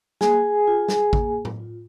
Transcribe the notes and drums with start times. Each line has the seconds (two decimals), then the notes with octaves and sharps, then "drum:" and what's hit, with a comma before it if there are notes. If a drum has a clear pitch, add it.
0.21 A#3 G#4 G#5, drum: snare
0.67 F4
0.88 drum: snare
1.13 A#3, drum: kick
1.45 drum: tom A2
1.60 F4